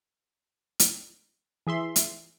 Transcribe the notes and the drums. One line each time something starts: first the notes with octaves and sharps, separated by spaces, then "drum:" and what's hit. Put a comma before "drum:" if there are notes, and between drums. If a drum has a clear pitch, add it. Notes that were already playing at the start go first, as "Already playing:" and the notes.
drum: hi-hat
E3 G#4 E5 C6
drum: hi-hat